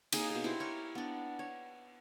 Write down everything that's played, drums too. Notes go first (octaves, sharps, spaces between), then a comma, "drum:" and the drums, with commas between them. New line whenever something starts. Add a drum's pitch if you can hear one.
A#3 D#4 G#4, drum: cymbal
B2 G#4
D4 E4 G4 C5
A#4 C#5
B3 D4
C#5